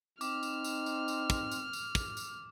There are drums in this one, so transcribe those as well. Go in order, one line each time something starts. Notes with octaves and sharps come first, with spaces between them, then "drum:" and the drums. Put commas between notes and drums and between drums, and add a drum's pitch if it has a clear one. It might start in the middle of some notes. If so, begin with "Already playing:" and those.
C4 D#4 D6 F6, drum: tambourine
drum: tambourine
drum: tambourine
drum: tambourine
drum: tambourine
drum: kick, tambourine
drum: tambourine
drum: tambourine
drum: kick, tambourine
drum: tambourine